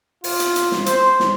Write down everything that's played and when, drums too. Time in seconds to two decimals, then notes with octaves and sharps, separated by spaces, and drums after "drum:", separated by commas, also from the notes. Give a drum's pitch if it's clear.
0.24 F4, drum: open hi-hat
0.40 drum: hi-hat
0.56 drum: hi-hat
0.72 drum: snare
0.86 C5, drum: hi-hat
1.20 drum: snare